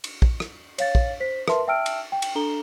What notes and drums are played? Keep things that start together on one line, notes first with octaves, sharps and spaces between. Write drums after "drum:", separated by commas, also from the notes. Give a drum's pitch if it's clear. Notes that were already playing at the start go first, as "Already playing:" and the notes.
drum: cymbal
drum: kick
drum: rim click
C#5 F5 A6, drum: cymbal
drum: kick
C5 B6
A#4 B4 E5 A5 C6, drum: rim click
E5 G5 A5 E6 F6 D7
drum: cymbal
G5
drum: cymbal
D4 A4 A#5 G7